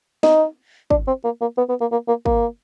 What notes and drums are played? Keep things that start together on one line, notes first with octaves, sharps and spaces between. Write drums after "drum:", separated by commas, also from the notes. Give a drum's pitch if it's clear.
D#4, drum: snare
D4, drum: kick
C4
A#3
A#3
B3
B3
A#3
A#3
A#3
A#3, drum: kick